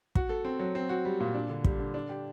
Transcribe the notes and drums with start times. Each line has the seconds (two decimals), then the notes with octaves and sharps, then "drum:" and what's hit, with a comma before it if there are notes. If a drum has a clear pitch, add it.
0.15 F#4, drum: kick
0.29 A4
0.45 C4
0.59 F#3
0.75 C4
0.89 F#4
1.05 G3
1.20 A#2
1.34 D4
1.49 D3
1.64 G3, drum: kick
1.79 D3
1.94 D4
2.09 G4